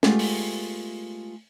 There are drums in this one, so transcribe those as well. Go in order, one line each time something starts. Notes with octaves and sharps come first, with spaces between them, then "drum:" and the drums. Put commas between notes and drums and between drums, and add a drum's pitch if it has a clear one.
G#3 A3 B3 F4 G4, drum: snare
drum: open hi-hat